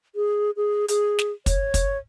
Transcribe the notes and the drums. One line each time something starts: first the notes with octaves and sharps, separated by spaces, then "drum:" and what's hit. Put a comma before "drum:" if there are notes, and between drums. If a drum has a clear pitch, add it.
G#4
G#4
G#4, drum: hi-hat
drum: snare
C#5, drum: kick, hi-hat
drum: kick, hi-hat